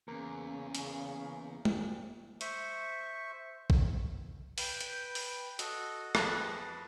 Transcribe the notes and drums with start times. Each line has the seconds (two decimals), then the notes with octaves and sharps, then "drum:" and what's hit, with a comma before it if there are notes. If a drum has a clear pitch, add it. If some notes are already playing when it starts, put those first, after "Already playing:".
0.08 E2 C#3 A#3
0.75 drum: hi-hat
1.65 drum: tom
2.41 C5 E5 C#6, drum: hi-hat
3.70 drum: kick A#1
4.58 B4 G5 G6, drum: open hi-hat
4.81 drum: hi-hat
5.15 drum: open hi-hat
5.59 F#4 A4 D#5, drum: hi-hat
6.15 F2 G#3 B4 F#6, drum: rim click